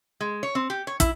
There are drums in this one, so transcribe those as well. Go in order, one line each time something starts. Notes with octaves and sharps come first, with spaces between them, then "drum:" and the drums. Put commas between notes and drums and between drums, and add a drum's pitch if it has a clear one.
G#3
C#5
C4
G4
C#5
E4, drum: kick, hi-hat